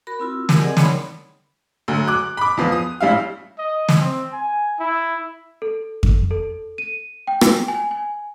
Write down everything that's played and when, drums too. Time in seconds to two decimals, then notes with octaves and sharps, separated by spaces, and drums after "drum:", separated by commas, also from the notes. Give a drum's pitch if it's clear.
0.07 F#4 A#4 B5
0.20 C4 E4 F4
0.49 G4 A#4 G#5, drum: snare
0.61 C4 G#4 A#4 D5 D#5 F#5
0.77 G3 D#4 C#5 B5 C6, drum: snare
1.88 D2 F#3
2.08 D6 F#6
2.37 B5 D6
2.57 E2 F3 B4
2.72 D#6
3.00 A1 G3 E4 F5
3.58 D#5
3.89 drum: snare
4.01 C4
4.33 G#5
4.80 E4
5.62 A4
6.03 drum: kick F2
6.31 A4
6.78 D#7
7.27 G5
7.41 drum: rim click
7.68 G#5
7.91 G#5